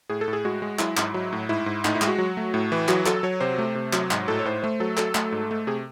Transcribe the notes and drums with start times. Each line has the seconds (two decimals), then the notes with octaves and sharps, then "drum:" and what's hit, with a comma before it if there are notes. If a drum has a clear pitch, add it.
0.10 A2 G#4
0.21 A4
0.28 A2
0.33 G#4
0.45 G#3 F#4
0.62 G#3
0.79 F#3 E4, drum: clap
0.97 G#2, drum: clap
1.14 F#3
1.33 A2
1.49 G#2 E4
1.66 G#2
1.85 A2 D#4, drum: clap
1.95 E4
2.02 G#3, drum: clap
2.08 F#4
2.18 F#3
2.37 A3
2.54 A2
2.72 E3
2.88 F#3 F#4, drum: clap
3.06 F#3 A4, drum: clap
3.23 F#3 C#5
3.40 C3 C5
3.59 A3
3.75 C3
3.93 F#3, drum: clap
4.11 G#2, drum: clap
4.28 A2 A4
4.39 C#5
4.45 A2 C5
4.62 A3 C5
4.80 F#3 A4
4.97 F#3 A4, drum: clap
5.15 A3, drum: clap
5.32 G#2
5.51 A3
5.67 C3 G#4